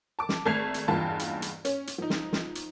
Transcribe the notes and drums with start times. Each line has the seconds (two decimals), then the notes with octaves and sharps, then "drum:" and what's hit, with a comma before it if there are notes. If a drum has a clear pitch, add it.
0.19 A5 D6
0.29 drum: snare
0.46 G#1 A3 A5 G#6 C7 F7
0.74 drum: hi-hat
0.88 F#1 E2 G2 F4 A5
1.19 drum: hi-hat
1.42 drum: hi-hat
1.65 C#4, drum: hi-hat
1.87 drum: hi-hat
1.98 F3 D#4
2.10 drum: snare
2.33 drum: snare
2.55 drum: hi-hat